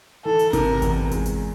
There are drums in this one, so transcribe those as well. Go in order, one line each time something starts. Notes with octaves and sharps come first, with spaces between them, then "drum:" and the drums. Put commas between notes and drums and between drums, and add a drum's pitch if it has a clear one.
E3 A4
drum: hi-hat
C3 A#4, drum: kick G#1, hi-hat
E2, drum: kick G#1, hi-hat
G#3, drum: kick G#1, hi-hat
drum: hi-hat